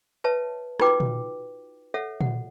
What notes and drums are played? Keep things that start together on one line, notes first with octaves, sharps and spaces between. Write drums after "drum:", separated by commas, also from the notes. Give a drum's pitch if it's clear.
B4 C#5 E5 A5
D#4 F4 F#4 B4 G5 D6, drum: rim click
drum: tom A#2
A4 C#5 E5 F#5
F#5, drum: tom A#2